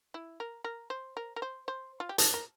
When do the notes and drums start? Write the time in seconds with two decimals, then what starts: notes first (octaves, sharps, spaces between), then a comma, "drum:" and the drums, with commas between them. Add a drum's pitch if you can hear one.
0.14 E4
0.40 A#4
0.64 A#4
0.90 C5
1.17 A#4
1.36 A#4
1.42 C5
1.68 C5
2.00 F4
2.09 G4
2.18 A4, drum: hi-hat
2.34 A#4